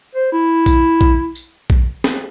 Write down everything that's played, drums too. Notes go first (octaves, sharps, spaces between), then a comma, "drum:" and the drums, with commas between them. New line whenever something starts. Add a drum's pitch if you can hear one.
C5
E4
drum: kick A#1, tambourine
drum: kick A#1
drum: tambourine
drum: kick A#1
drum: snare